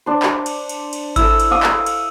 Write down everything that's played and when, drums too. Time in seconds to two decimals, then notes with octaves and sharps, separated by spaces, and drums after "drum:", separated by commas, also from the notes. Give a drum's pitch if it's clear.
0.06 D4 C5
0.23 drum: clap
0.46 drum: cymbal
0.69 drum: cymbal
0.93 drum: cymbal
1.16 A3 E4 E6, drum: kick G#1, cymbal
1.40 drum: cymbal
1.51 F5 D6 D#6
1.63 drum: clap
1.86 drum: cymbal